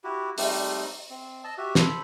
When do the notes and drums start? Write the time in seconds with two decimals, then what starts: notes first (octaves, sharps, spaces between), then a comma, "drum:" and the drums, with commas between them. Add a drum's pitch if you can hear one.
0.04 E4 F#4 G4
0.38 G3 A3 C4 D#4, drum: open hi-hat
1.10 C4
1.44 D#5 A5 E6
1.58 F#4 G4 E5
1.75 A4 C5 B5, drum: snare